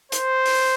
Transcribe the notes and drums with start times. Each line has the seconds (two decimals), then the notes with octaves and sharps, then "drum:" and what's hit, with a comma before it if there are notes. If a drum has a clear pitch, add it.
0.12 C5, drum: hi-hat
0.45 drum: open hi-hat